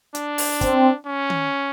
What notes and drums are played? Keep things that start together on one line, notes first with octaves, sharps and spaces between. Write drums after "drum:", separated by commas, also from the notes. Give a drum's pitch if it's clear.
D4, drum: hi-hat
drum: open hi-hat
C4, drum: kick, hi-hat
C#4
drum: tom D#3